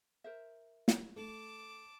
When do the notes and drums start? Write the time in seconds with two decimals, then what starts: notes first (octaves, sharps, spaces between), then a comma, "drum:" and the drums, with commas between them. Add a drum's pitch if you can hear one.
0.24 A#4 C5 E5
0.88 drum: snare
1.16 A3 A5 D6